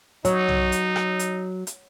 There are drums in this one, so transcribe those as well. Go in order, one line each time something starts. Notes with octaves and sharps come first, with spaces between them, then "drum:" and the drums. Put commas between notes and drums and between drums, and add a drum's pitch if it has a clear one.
F#3 D#4 C#5, drum: hi-hat
drum: tom B1
drum: hi-hat
drum: rim click
drum: hi-hat
drum: hi-hat